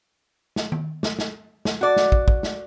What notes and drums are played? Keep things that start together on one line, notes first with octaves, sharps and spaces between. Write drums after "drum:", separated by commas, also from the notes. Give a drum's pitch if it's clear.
drum: snare
drum: tom D#3
drum: snare
drum: snare
drum: snare
F#4 D5
drum: snare
drum: kick
drum: kick
drum: snare